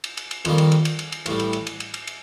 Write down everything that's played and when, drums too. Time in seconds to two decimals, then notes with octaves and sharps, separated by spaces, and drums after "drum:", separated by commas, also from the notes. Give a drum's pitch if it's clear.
0.04 drum: cymbal
0.17 drum: cymbal
0.31 drum: cymbal
0.45 F2 D#3 G3 A#3, drum: cymbal
0.58 drum: cymbal
0.72 drum: cymbal
0.85 drum: cymbal
0.99 drum: cymbal
1.12 drum: cymbal
1.26 A1 A2 G3, drum: cymbal
1.40 drum: cymbal
1.53 drum: cymbal
1.67 drum: cymbal
1.80 drum: cymbal
1.94 drum: cymbal
2.07 drum: cymbal